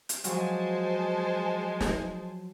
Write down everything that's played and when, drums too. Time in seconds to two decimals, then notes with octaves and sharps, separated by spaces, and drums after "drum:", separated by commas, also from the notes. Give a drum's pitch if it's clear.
0.09 drum: hi-hat
0.24 F3 F#3 G#3 C5 G#5 A5, drum: hi-hat
1.81 drum: snare